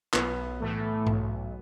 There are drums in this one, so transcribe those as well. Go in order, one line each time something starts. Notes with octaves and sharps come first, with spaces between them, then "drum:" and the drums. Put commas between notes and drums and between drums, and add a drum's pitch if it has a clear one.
B1 B3, drum: clap
A2 E3 A3
B1, drum: tom G#2